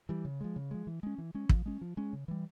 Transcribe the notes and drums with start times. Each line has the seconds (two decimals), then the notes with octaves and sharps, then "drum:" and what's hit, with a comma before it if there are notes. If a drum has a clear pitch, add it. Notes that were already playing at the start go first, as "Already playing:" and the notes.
0.09 E3 G3
0.25 C#3
0.41 F3 G#3
0.56 C#3
0.71 F3 G#3
0.87 E3
1.03 G#3 C#4
1.18 E3
1.34 G#3 C#4
1.49 F3, drum: kick
1.66 G#3 C#4
1.81 F3
1.97 G#3 C#4
2.13 C#3
2.28 E3 G3